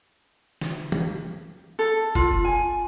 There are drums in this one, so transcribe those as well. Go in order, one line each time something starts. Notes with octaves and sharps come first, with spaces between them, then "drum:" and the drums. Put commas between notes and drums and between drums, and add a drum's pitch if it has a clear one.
drum: snare
drum: tom
A4
F4, drum: kick F#1
G#5